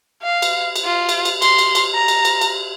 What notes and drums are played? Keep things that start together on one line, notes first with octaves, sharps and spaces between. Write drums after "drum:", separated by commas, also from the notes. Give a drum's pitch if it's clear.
F5
drum: cymbal
drum: cymbal
F4
drum: cymbal
drum: cymbal
C6, drum: cymbal
drum: cymbal
drum: cymbal
A#5
drum: cymbal
drum: cymbal
drum: cymbal